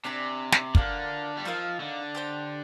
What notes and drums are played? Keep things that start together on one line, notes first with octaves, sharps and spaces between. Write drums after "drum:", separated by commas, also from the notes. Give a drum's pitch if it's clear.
C3 D4 G4 D5 G#5
drum: snare
D3 A#3 F4 A#4, drum: kick
G3
F3 C4 D#4 A#4 F5
D3
G4 C5 G5